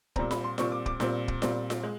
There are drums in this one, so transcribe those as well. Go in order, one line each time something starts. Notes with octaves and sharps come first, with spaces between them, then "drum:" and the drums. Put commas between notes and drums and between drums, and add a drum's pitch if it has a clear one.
A#2 G3 C4 A#5, drum: kick
B5, drum: snare F4
C6
A#2 G3 C4 C#6, drum: snare F4
D6
D6, drum: kick
A#2 G3 C4, drum: snare F4
drum: kick
A#2 G3 C4, drum: snare F4
drum: snare F4
G#3